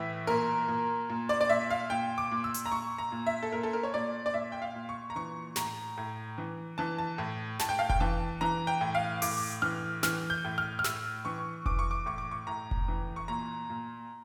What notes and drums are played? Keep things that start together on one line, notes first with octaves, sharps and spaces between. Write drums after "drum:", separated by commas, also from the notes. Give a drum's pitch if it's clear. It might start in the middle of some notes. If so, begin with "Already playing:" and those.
Already playing: A2 E3 E5
A#2 A#4
A#2
A#2
D5
D5
A#2 E5
F5
A#2 G5
D6
A#2
E6
drum: hi-hat
A#5
A#2 C#6
A#5
A#2
E5
A4
A#2 A#4
A4
A#4
C#5
A#2 D5
D5
A#2 E5
G5
F5
A#2
C#6
A#5
E3 C#6
A2 A#5, drum: snare
A2
E3
E3 A5
A5
A2
A2 A5, drum: snare
G5
F5
G5, drum: kick F1
E3 A5
E3 A#5
G5
A2
F5
A2 D6, drum: open hi-hat
E3 F6
E3 F6, drum: snare
G6
A2
F6
F6
A2 E6, drum: snare
E3 C#6
E3 D6, drum: kick F1
C#6
D6
A2 C#6
D6
C#6
A2 A#5
drum: kick F1
E3
C#6
A#2 A#5
A#2